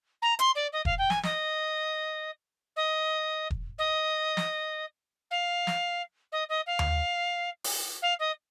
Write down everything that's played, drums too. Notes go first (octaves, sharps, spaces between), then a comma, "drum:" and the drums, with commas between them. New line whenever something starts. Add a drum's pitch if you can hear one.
A#5
C6, drum: hi-hat
D5
D#5
F5, drum: kick E1
G5
G#5, drum: snare
D#5, drum: snare
D#5
drum: kick E1
D#5
drum: snare
F5
drum: snare
D#5
D#5
F5
drum: tom D#2
drum: open hi-hat
F5
D#5